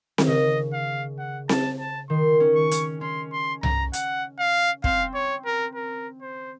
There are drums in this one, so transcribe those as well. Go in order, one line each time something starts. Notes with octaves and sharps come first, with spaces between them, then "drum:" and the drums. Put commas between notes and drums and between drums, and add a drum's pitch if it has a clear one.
D#3, drum: snare C4
C#3 D#5
F5
F#5
A5, drum: snare C4
A5
D#3 C6
C#4
C#6
C#4, drum: hi-hat
C#4 C6
C6
A#5, drum: tom C2
F#5, drum: hi-hat
F5
C4 F5, drum: kick
C#5
A#4
A#4
C5